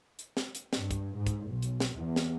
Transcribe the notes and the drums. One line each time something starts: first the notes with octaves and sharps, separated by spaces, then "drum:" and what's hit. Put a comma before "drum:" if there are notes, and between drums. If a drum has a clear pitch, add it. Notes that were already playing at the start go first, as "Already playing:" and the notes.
drum: hi-hat
drum: snare
drum: hi-hat
G2, drum: snare
drum: kick, hi-hat
G#2
drum: kick, hi-hat
B1
drum: hi-hat
drum: snare
E2
drum: snare